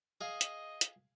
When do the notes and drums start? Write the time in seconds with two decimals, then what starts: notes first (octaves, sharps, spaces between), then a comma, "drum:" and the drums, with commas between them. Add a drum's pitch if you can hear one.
0.21 G#4 D#5 F5
0.41 drum: hi-hat
0.81 drum: hi-hat